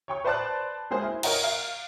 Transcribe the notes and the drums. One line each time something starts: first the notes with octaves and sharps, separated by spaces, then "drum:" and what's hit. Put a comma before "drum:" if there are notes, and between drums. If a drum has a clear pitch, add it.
C#5 G5 C#6
B4 C5 D5 A5 D6 F#6
G#3 A#3 G#4 C5
E4
A#4 C#5 D#5 F#5 A#5, drum: cymbal
F5 F6